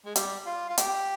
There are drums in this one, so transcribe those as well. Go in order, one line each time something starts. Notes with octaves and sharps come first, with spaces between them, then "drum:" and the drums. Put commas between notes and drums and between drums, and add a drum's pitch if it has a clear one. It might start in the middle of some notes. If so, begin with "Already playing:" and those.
G#3
G3, drum: hi-hat
F4
F4
G4, drum: hi-hat